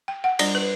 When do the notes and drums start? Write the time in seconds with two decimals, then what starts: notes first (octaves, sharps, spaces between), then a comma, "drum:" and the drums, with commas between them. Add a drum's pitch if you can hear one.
0.08 G5
0.24 F#5
0.39 G3 D4 D5, drum: cymbal
0.55 B4